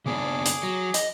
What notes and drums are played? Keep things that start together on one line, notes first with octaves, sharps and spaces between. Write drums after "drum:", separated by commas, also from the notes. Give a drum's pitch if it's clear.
C#3 B3 D4 G#4 D6
drum: hi-hat
F#3
D#5, drum: hi-hat